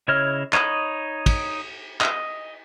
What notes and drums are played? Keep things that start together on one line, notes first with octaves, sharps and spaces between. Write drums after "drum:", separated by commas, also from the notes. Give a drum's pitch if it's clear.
C#3 E4 C#5 D#5 F6
D#4 C#5 D#5 B5, drum: clap
drum: kick, cymbal
D#5, drum: clap